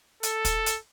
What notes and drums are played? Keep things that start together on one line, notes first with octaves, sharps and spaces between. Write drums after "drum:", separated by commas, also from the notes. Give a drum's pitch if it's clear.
A4, drum: hi-hat
drum: kick, hi-hat
drum: hi-hat